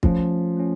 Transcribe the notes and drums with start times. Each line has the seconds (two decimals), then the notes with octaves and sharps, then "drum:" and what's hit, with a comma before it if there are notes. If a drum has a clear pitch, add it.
0.03 F3 A3 C#4 F4, drum: kick
0.57 A3 C#4